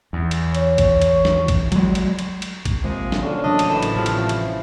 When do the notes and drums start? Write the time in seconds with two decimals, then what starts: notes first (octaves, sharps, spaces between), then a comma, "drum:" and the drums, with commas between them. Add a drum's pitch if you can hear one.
0.13 E2
0.31 drum: cymbal
0.55 C#5, drum: cymbal
0.78 drum: kick, cymbal
1.02 drum: cymbal
1.25 drum: snare
1.48 drum: kick, cymbal
1.72 F#3 G#3, drum: cymbal
1.95 drum: cymbal
2.19 drum: cymbal
2.42 drum: cymbal
2.65 drum: kick, cymbal
2.84 C3 F3 G#3 A#3
3.12 drum: snare
3.23 D3 C#4
3.44 A1 C#3 F#3 D4 D#5
3.59 drum: cymbal
3.69 A2 E4 G#4 A4 B4
3.83 drum: cymbal
3.96 A1 C3 F3 G3 E5
4.06 drum: cymbal
4.29 drum: cymbal